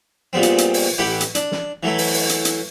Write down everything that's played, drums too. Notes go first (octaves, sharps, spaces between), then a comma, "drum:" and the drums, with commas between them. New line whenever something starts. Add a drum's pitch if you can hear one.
A#2 C#3 G3 B3 C4
drum: hi-hat
drum: hi-hat
drum: open hi-hat
A1 E4 G4 B4 F#5 D6
drum: hi-hat
D4, drum: hi-hat
drum: snare
E3 F#3 A3 E4
drum: open hi-hat
drum: open hi-hat
drum: hi-hat
drum: hi-hat